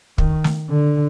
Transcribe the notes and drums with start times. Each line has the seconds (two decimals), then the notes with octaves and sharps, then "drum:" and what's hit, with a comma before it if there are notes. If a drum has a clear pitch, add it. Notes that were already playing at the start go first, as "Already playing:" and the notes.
0.18 D#3, drum: kick
0.44 drum: snare
0.70 D3